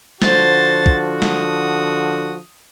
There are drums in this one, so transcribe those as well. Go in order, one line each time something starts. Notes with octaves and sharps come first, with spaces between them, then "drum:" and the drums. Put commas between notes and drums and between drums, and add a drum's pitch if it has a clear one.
D3 F3 F#4 C5 A6, drum: snare
drum: kick
D#6, drum: snare